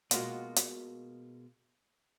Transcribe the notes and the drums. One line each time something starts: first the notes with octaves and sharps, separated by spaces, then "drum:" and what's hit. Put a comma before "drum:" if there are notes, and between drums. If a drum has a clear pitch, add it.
B2 G#3 A#3 F4 F#4, drum: hi-hat
drum: hi-hat